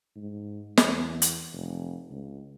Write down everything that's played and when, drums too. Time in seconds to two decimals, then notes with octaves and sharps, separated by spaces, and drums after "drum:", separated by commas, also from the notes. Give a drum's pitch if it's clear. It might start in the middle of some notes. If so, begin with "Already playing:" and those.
0.16 G#2
0.77 E2, drum: snare
1.22 drum: hi-hat
1.53 F1
2.11 C#2